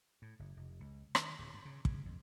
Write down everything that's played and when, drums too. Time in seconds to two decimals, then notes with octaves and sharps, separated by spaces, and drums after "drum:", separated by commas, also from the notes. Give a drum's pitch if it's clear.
0.22 A2
0.39 F#1
0.57 F1
0.80 C#2
1.15 D#3, drum: rim click
1.39 D1
1.54 G2
1.65 C#3
1.85 C#3, drum: kick
2.05 F2